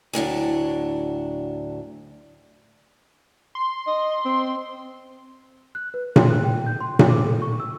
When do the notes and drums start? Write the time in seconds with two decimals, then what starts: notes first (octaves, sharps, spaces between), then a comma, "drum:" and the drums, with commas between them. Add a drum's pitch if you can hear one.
0.13 D2 A2 F#3 D4
3.55 C6
3.87 D#5
4.25 C4
5.75 F#6
5.94 B4
6.16 C6, drum: tom A#2
6.30 F#6
6.44 G5
6.67 G6
6.81 C6
6.99 drum: tom A#2
7.10 D6
7.25 A4
7.42 C#6
7.60 E6